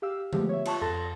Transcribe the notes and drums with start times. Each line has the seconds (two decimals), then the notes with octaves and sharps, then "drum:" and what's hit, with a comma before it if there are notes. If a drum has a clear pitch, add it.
0.02 G4 F5 E6
0.33 D3 F3 G#3 A3 B3 G4, drum: tom D3
0.49 C#5 E5
0.65 F4 A5 C#6, drum: cymbal
0.81 F2 A4 A5 C6 A6 A#6